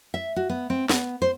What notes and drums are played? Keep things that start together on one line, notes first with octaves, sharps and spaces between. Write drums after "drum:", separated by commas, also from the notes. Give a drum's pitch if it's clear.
E5
F#4
B3
C4
B3, drum: snare
C5